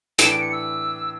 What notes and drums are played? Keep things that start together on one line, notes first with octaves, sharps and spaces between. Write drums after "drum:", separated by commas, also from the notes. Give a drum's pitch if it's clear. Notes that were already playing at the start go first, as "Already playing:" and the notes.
A2 E3 B3 D4 G4 E7, drum: hi-hat
D7
C#7
E6